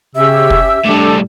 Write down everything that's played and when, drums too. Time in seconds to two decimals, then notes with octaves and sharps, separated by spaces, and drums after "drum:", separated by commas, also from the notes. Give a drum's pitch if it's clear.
0.15 C#3 C#4 G4 E5 E6
0.50 drum: kick
0.85 A2 G3 D4 A4 D6